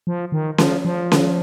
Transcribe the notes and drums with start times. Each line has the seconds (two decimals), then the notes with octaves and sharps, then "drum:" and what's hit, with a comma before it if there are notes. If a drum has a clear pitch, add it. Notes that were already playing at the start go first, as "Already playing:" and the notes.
0.07 F3
0.32 D#3
0.58 F3, drum: snare C#4
0.85 F3
1.12 drum: snare C#4